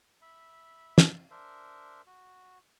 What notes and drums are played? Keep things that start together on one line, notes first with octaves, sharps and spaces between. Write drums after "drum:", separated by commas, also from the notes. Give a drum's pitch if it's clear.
E5 B5
drum: snare
D4 A#4 C5 E5
F#4